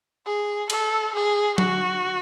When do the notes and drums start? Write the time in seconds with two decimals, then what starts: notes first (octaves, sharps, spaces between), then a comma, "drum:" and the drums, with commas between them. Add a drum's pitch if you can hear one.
0.26 G#4
0.70 A4, drum: cymbal
1.14 G#4
1.58 F#4, drum: tom F#3